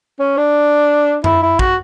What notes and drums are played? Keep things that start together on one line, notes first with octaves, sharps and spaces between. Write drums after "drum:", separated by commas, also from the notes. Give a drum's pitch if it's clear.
C#4
D4
E4, drum: tom F#2
E4
F#4, drum: kick